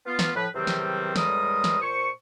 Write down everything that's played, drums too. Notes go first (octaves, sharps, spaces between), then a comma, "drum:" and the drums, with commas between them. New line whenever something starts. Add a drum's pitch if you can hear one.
B3 F4
drum: snare
A2 F3 B4
E2 C3 D#3 F#3 G3 C4
drum: snare
E2 A2 G3 G#3 A#4 D#6, drum: snare
drum: snare
A#2 C5 C#6